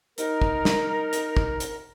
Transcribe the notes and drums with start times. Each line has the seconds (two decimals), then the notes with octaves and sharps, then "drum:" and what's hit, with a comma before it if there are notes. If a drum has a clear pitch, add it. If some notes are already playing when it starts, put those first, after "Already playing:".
0.18 D#4 A#4, drum: hi-hat
0.42 drum: kick
0.65 drum: snare
1.13 drum: hi-hat
1.37 drum: kick
1.60 drum: hi-hat